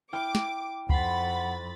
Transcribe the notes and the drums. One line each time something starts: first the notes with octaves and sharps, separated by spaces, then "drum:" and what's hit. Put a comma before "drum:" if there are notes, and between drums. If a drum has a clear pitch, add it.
E4 G5 D6 F6
drum: snare
F2 F#5 B5 C6 A6, drum: kick C#2